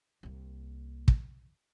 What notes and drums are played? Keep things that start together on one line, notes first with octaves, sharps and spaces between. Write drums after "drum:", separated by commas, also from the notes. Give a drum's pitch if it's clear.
C2 A#3
drum: kick